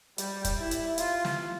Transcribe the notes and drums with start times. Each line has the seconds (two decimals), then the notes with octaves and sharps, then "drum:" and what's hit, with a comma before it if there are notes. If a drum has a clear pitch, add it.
0.18 G3, drum: hi-hat
0.44 drum: kick, hi-hat
0.58 E4
0.71 drum: hi-hat
0.98 F4, drum: hi-hat
1.25 drum: snare